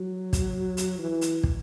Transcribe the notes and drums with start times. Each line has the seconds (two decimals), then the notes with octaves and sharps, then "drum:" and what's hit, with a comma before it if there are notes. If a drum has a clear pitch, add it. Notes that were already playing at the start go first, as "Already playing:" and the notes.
Already playing: F#3
0.33 drum: kick, hi-hat
0.77 drum: hi-hat
0.99 E3
1.21 drum: hi-hat
1.43 drum: kick